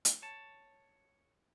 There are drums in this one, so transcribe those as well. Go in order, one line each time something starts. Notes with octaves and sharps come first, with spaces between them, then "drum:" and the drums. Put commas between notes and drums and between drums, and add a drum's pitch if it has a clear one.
drum: hi-hat
C#5 A5